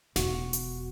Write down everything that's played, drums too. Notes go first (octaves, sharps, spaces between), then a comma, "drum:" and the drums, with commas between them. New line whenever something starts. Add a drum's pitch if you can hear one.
E1 F#4, drum: snare
drum: hi-hat